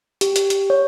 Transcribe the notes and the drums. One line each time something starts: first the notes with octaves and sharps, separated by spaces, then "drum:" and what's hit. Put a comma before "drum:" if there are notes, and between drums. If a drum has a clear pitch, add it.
G4, drum: hi-hat
drum: hi-hat
drum: hi-hat
C#5